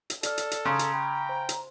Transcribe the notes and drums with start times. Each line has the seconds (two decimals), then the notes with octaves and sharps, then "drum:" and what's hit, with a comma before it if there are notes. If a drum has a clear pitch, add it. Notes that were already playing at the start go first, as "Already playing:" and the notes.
0.10 drum: hi-hat
0.23 A4 D5 F6, drum: hi-hat
0.38 drum: hi-hat
0.51 drum: hi-hat
0.65 C#3 A#5 C6 D#6 G#6
0.79 drum: hi-hat
0.93 G5 B5
1.29 C5
1.49 drum: hi-hat